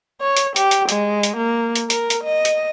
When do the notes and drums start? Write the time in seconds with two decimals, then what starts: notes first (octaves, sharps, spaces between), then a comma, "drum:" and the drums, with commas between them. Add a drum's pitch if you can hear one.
0.21 C#5
0.37 drum: hi-hat
0.56 G4, drum: hi-hat
0.71 drum: hi-hat
0.89 G#3, drum: hi-hat
1.23 drum: hi-hat
1.37 A#3
1.76 drum: hi-hat
1.90 A#4, drum: hi-hat
2.10 drum: hi-hat
2.24 D#5
2.45 drum: hi-hat